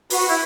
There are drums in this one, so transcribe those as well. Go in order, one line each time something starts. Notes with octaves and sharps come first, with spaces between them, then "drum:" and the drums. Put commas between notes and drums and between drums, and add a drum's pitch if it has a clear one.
F#4 B4, drum: open hi-hat
E4